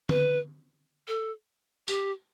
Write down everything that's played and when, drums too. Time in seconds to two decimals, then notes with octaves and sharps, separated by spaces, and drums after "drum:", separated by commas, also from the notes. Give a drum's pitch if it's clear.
0.09 B4, drum: tom D3
1.08 A4
1.88 G4, drum: tambourine